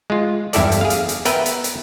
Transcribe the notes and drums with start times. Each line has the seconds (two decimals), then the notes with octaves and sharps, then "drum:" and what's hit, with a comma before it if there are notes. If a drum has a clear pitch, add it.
0.10 G#3 F4
0.53 E2 G2 E4 G4 A4 D5, drum: hi-hat
0.72 drum: hi-hat
0.81 G#4 F5
0.90 drum: hi-hat
1.09 drum: hi-hat
1.25 B3 A#4 B4 E5 G5, drum: hi-hat
1.46 drum: hi-hat
1.64 drum: hi-hat